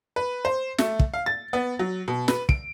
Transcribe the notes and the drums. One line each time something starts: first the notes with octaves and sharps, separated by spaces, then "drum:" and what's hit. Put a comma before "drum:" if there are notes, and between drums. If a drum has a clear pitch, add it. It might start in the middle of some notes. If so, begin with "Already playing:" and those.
B4
C5
A3, drum: snare
drum: kick
F5
A6
B3
F#3
B2
B4, drum: snare
D7, drum: kick